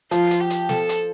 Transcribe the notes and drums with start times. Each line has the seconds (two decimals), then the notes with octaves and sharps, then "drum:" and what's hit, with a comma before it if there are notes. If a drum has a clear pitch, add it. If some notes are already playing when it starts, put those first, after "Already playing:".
0.11 F3 F4, drum: hi-hat
0.31 drum: hi-hat
0.40 G4
0.50 drum: hi-hat
0.69 A4, drum: snare
0.89 drum: hi-hat